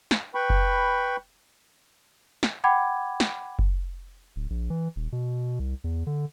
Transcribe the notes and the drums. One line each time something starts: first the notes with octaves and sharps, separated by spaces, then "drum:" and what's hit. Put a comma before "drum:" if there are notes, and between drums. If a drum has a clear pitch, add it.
drum: snare
B4 G5 B5 C#6
drum: kick F#1
drum: snare
F#5 G5 B5 D6 G#6
drum: snare
drum: kick F#1
D1
A#1
E3
D#1
B2
C2
E2
D3